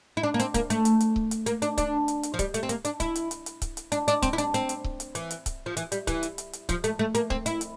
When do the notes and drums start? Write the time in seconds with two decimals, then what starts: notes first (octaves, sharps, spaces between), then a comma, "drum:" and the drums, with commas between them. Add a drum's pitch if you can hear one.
0.17 E4
0.23 D4
0.34 A#3
0.39 C4, drum: hi-hat
0.54 A#3, drum: kick C#1, hi-hat
0.70 A3, drum: hi-hat
0.85 drum: hi-hat
1.00 drum: hi-hat
1.16 drum: kick C#1
1.31 drum: hi-hat
1.46 A#3, drum: hi-hat
1.62 D4, drum: hi-hat
1.78 D4, drum: kick C#1, hi-hat
2.08 drum: hi-hat
2.23 drum: hi-hat
2.34 F3
2.39 G3, drum: kick C#1, hi-hat
2.54 A3, drum: hi-hat
2.63 C4
2.69 A#3, drum: hi-hat
2.85 D4, drum: hi-hat
3.00 E4, drum: kick C#1, hi-hat
3.15 drum: hi-hat
3.31 drum: hi-hat
3.46 drum: hi-hat
3.62 drum: kick C#1, hi-hat
3.77 drum: hi-hat
3.92 D4, drum: hi-hat
4.08 D4, drum: hi-hat
4.22 C4, drum: kick C#1, hi-hat
4.33 E4
4.38 D4, drum: hi-hat
4.54 C4, drum: hi-hat
4.69 drum: hi-hat
4.84 drum: kick C#1
5.00 drum: hi-hat
5.15 E3, drum: hi-hat
5.30 drum: hi-hat
5.46 drum: kick C#1, hi-hat
5.66 F3
5.77 E3, drum: hi-hat
5.92 G3, drum: hi-hat
6.07 E3, drum: kick C#1, hi-hat
6.23 drum: hi-hat
6.38 drum: hi-hat
6.53 drum: hi-hat
6.69 F3, drum: kick C#1, hi-hat
6.84 A3, drum: hi-hat
6.99 A3
7.15 A#3, drum: hi-hat
7.30 C4, drum: kick C#1
7.46 E4, drum: hi-hat
7.61 drum: hi-hat